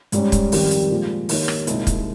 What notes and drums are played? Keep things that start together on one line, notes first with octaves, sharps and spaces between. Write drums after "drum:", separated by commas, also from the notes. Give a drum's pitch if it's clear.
G#2 G3 C#4, drum: hi-hat
drum: kick, hi-hat
F2 D#3 G3 C4 G4, drum: open hi-hat
drum: hi-hat
A#2 F3 G#3
D#3 A#3 D#4 G4 C#5, drum: open hi-hat
drum: rim click
C2 A#2 G#3 D#4, drum: hi-hat
drum: kick, hi-hat